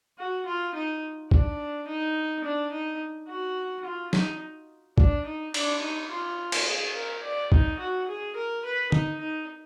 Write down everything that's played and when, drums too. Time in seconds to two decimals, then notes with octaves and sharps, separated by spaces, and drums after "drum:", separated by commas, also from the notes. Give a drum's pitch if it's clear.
0.18 F#4
0.46 F4
0.75 D#4
1.31 D4, drum: kick A1
1.87 D#4
2.45 D4
2.72 D#4
3.28 F#4
3.85 F4
4.13 D#4, drum: snare
4.98 D4, drum: kick A1
5.26 D#4
5.54 D4, drum: cymbal
5.82 D#4
6.10 F4
6.52 drum: cymbal
6.67 G#4
6.95 A#4
7.24 D5
7.52 D#4, drum: kick A1
7.79 F#4
8.08 G#4
8.36 A#4
8.65 B4
8.92 D#4, drum: tom
9.21 D#4